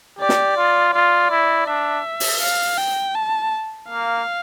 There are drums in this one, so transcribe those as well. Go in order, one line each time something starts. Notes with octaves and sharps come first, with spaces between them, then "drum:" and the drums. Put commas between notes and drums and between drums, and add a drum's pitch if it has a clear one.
G4 D5
drum: snare
F4
F4 D5
E4
D4 E5
drum: open hi-hat
F5
G5
A5
A#3 F5